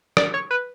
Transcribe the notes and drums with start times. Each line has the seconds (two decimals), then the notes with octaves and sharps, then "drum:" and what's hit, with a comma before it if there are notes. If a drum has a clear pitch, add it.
0.17 D5, drum: rim click
0.34 C#5
0.51 B4